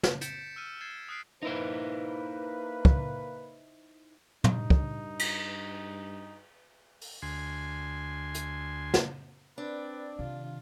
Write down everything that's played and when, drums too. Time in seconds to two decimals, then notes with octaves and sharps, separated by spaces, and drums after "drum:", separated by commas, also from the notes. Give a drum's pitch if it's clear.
0.03 drum: snare
0.21 G6 A6 B6 C#7 D7 E7, drum: hi-hat
0.56 E6 F6 D#7
0.81 G#6 A6 C7 E7
1.09 D#6 F6 F#6 B6 C7 D7
1.43 A#3 D#4 E4 B4 C5
2.85 drum: kick
4.44 G2 D#4, drum: tom
4.70 drum: kick
5.19 drum: cymbal
7.01 drum: open hi-hat
7.22 D2 G#5 C6
8.35 drum: hi-hat
8.94 drum: snare
9.58 C4 D4 B4 D5
10.19 C3 D#3 F4